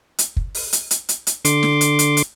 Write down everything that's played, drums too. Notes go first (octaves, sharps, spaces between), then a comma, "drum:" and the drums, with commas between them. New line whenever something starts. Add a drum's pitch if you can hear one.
drum: hi-hat
drum: kick
drum: open hi-hat
drum: hi-hat
drum: hi-hat
drum: hi-hat
drum: hi-hat
D3 C6 D6, drum: hi-hat
drum: snare
drum: hi-hat
drum: hi-hat
drum: hi-hat